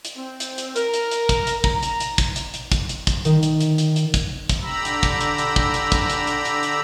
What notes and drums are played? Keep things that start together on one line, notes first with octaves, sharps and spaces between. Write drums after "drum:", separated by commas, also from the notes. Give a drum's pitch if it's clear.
drum: hi-hat
C4
drum: hi-hat
drum: hi-hat
A#4, drum: hi-hat
drum: hi-hat
drum: hi-hat
drum: kick, hi-hat
drum: hi-hat
A#5, drum: kick
drum: hi-hat
drum: hi-hat
drum: kick, hi-hat
drum: hi-hat
drum: hi-hat
drum: kick, hi-hat
drum: hi-hat
drum: kick, hi-hat
D#3, drum: hi-hat
drum: hi-hat
drum: hi-hat
drum: hi-hat
drum: hi-hat
drum: kick, hi-hat
drum: kick, hi-hat
D3 G4 A#5 B5 E6
drum: hi-hat
drum: kick, hi-hat
drum: hi-hat
drum: hi-hat
drum: kick
drum: hi-hat
drum: kick, hi-hat
drum: hi-hat
drum: hi-hat
drum: hi-hat
drum: hi-hat